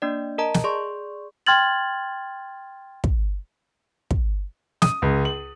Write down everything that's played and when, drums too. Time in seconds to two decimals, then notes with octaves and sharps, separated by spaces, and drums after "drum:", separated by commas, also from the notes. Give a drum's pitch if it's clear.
0.02 A#3 D4 D5
0.38 A#4 D#5 A5 A#5
0.54 drum: snare
0.64 G#4 D5 C6 C#6
1.47 G5 C6 F6 G#6 A6 F#7
3.04 drum: kick
4.11 drum: kick
4.82 D#6, drum: snare
5.02 C#2
5.25 F#7